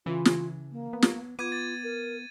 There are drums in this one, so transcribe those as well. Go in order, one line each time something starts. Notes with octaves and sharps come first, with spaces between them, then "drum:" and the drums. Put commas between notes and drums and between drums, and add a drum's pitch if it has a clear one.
C#3 E3 F4
drum: snare
A#3
B3
drum: snare
B3 F4 D6 G#6 D#7
A6
A#4